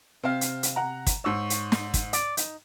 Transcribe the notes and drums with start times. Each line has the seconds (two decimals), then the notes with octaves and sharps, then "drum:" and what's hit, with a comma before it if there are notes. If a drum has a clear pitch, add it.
0.24 C3 C4 F5
0.41 drum: hi-hat
0.63 drum: hi-hat
0.76 F#5 A#5
1.07 drum: kick, hi-hat
1.24 G#2 C#5 E6
1.50 drum: hi-hat
1.72 drum: snare
1.94 drum: kick, hi-hat
2.13 D5, drum: hi-hat
2.37 D#4, drum: hi-hat